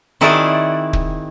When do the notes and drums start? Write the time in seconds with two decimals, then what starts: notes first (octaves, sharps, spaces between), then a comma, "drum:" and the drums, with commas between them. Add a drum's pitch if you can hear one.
0.21 D#3 C4 E4 F#4 G#4 D5
0.93 drum: kick